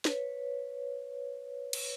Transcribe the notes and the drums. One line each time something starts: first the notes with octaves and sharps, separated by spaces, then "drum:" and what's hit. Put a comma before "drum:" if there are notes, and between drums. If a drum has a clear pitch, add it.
B4 C#5, drum: snare
drum: cymbal